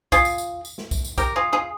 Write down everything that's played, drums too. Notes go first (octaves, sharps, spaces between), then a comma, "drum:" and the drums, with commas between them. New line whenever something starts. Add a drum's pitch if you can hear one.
F4 G#4, drum: kick B1, tambourine
drum: tambourine
drum: tambourine
drum: tambourine
drum: snare
drum: kick B1, tambourine
drum: tambourine
G4 A#4, drum: kick B1, tambourine
F4 G#4
F4 G#4